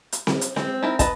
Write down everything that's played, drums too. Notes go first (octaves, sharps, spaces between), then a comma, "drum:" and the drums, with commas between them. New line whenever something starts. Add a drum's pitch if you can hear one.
drum: hi-hat
drum: snare C4
drum: hi-hat
G#3 C4, drum: snare C4
D#4 E4 A#4
B4 D#5 A5, drum: kick, hi-hat